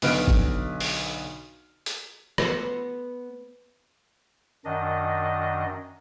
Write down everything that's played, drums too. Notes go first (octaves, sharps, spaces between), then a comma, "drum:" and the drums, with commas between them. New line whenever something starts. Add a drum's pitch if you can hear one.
B1 D3 B4 F6 D7, drum: open hi-hat
drum: kick G1
drum: open hi-hat
drum: hi-hat
B3 C5, drum: rim click
F#2 D#3 D4 D#5